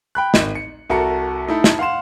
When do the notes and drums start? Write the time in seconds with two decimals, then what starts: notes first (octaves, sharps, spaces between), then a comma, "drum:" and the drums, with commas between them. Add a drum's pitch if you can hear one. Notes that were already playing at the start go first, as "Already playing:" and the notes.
0.15 G5 B5 F#6
0.34 G#1, drum: snare
0.55 C#7
0.90 C2 F#4 A4 A#4 A#5 C#7
1.47 A3 D#4 E4 A4
1.64 drum: snare
1.79 F5 F#5 C6 E7